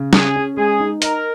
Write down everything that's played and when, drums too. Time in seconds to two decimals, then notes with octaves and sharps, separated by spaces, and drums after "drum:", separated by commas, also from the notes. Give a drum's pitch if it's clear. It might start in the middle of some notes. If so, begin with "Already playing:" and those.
Already playing: C#3
0.13 C#4 G#4, drum: snare
0.36 C#4
0.57 G#3 G#4
0.80 D#4
1.02 A#4 D#5, drum: hi-hat